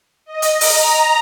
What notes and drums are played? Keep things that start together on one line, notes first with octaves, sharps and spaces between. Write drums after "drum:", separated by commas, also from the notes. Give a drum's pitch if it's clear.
D#5
drum: hi-hat
A#5, drum: open hi-hat